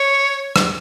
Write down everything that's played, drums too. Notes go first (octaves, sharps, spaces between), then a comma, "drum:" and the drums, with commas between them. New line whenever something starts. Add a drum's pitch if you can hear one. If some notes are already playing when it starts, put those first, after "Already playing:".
Already playing: C#5
drum: rim click